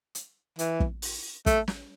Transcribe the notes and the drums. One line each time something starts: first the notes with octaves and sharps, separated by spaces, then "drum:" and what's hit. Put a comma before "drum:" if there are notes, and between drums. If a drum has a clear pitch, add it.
drum: hi-hat
E3, drum: hi-hat
drum: kick
drum: open hi-hat
A3, drum: kick, hi-hat
drum: snare